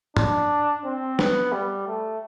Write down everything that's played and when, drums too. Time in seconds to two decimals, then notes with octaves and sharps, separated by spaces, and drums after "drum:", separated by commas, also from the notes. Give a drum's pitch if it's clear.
0.17 D4, drum: tom
0.85 C4
1.19 B3, drum: snare
1.52 G3
1.88 A3